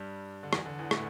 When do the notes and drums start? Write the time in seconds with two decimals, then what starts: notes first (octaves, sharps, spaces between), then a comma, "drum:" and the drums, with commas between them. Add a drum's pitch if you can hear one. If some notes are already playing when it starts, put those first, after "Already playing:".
Already playing: G2 G3
0.43 D3
0.53 E2 E3, drum: rim click
0.66 D3
0.79 E2 E3
0.91 A2 A3, drum: rim click